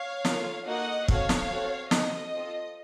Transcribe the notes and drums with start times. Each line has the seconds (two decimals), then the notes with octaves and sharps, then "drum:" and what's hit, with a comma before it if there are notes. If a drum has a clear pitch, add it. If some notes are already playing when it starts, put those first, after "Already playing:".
Already playing: C#5 F5
0.25 A#3 F4 A4, drum: snare
0.66 A#3 D#4 F#4 A4 D#5 F#5
1.08 C4 F#4 A4 C#5 F5, drum: kick
1.29 drum: snare
1.50 C4 F#4 A4
1.91 C4 D#4 F#4 A4 D#5, drum: snare
2.34 C4 F4 A4